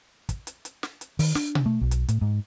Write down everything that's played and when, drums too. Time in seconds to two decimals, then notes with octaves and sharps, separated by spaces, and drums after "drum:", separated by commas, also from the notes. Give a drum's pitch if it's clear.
0.29 drum: kick, hi-hat
0.47 drum: hi-hat
0.65 drum: hi-hat
0.83 drum: snare
1.01 drum: hi-hat
1.19 D#3, drum: open hi-hat
1.35 D4, drum: snare
1.55 drum: tom B2
1.66 A3
1.81 B1
1.91 drum: hi-hat
2.09 A2, drum: hi-hat
2.21 G#2